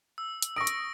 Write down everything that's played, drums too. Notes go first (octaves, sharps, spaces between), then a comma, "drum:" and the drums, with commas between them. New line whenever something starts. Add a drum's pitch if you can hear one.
E6
drum: hi-hat
C#6 D#6 A#6 D7
drum: hi-hat